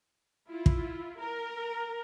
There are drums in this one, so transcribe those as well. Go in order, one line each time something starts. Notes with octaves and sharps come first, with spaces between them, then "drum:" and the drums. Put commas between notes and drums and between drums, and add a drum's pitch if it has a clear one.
E4 F4
drum: kick
A#4